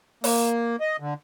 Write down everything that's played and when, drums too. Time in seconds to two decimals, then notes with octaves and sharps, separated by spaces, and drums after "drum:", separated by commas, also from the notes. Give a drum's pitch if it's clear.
0.24 A#3, drum: open hi-hat
0.80 D#5
1.00 D3